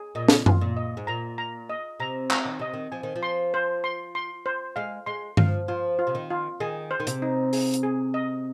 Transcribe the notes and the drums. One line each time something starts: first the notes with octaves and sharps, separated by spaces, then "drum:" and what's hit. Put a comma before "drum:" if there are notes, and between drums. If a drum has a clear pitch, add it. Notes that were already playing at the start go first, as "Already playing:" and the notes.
Already playing: G#4
A#2 D#5
drum: snare
F4, drum: tom F#2
A#2
D#5
G#2
A#2 A#5
A#5
D#5
C3 A#5
A#5, drum: clap
D#3
C3 D#5
D#3
F3 G#5
D#3
F3
C6
C5
C6
C6
C5
G#3 F5
G#3 C6
F3 F5, drum: tom G2
F3 F4
F4
C3
D#3
F4
D#3 G#4
C5
D#3
C3, drum: hi-hat
D#4
G#4, drum: open hi-hat
drum: hi-hat
G#4
D#5